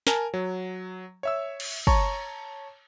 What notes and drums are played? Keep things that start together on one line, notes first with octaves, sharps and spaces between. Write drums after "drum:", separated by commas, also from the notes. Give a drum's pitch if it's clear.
A#4 G#5 A5, drum: snare
F#3
C#5 E5 E6
drum: cymbal
C#5 A5 A#5 C#6, drum: kick